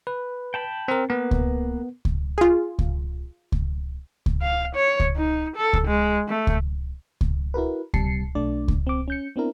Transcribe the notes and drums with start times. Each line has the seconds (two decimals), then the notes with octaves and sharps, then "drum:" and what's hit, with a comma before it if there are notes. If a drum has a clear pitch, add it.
0.07 B4
0.54 G5 A5 B5
0.88 C4 A#4
1.10 A#3 B3 B4
1.31 drum: kick C#2
2.05 drum: kick C#2
2.38 F4 G#4
2.79 drum: kick C#2
3.52 drum: kick C#2
4.26 drum: kick C#2
4.42 F5
4.76 C#5
5.00 drum: kick C#2
5.16 D#4
5.56 A4
5.73 drum: kick C#2
5.87 G#3
6.29 A3
6.47 drum: kick C#2
7.21 drum: kick C#2
7.54 E4 F#4 A#4 B4
7.94 C3 G3 A5 C7 C#7, drum: kick C#2
8.35 B1 A3 D4 D5
8.68 drum: kick C#2
8.87 C4 D6
9.08 C#4 G6 C#7
9.36 B3 C4 D4 E4 A#4